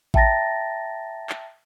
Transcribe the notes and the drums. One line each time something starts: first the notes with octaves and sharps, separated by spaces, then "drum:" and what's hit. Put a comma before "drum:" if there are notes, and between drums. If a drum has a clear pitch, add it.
E5 G5 A5 A#5 A6 A#6, drum: kick A1
drum: clap